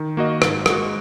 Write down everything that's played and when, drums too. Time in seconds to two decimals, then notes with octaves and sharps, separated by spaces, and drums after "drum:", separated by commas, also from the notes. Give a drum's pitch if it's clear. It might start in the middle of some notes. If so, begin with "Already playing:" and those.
Already playing: D#3
0.17 A#3 F#4 D#5
0.42 G#2, drum: rim click
0.66 G#3 F#4, drum: rim click